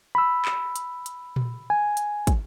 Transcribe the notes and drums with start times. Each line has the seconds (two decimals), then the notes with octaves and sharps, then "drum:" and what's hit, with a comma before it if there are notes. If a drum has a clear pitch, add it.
0.15 B5 E6
0.45 drum: clap
0.76 drum: hi-hat
1.06 drum: hi-hat
1.36 drum: tom A#2
1.70 G#5
1.97 drum: hi-hat
2.27 drum: kick, hi-hat